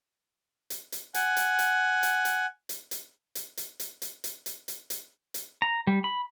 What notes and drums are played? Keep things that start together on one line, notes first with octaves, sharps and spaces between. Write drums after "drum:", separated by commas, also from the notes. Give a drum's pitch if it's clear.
drum: hi-hat
drum: hi-hat
F#5 G#5, drum: hi-hat
drum: hi-hat
drum: hi-hat
drum: hi-hat
drum: hi-hat
drum: hi-hat
drum: hi-hat
drum: hi-hat
drum: hi-hat
drum: hi-hat
drum: hi-hat
drum: hi-hat
drum: hi-hat
drum: hi-hat
drum: hi-hat
drum: hi-hat
A#5
G3
B5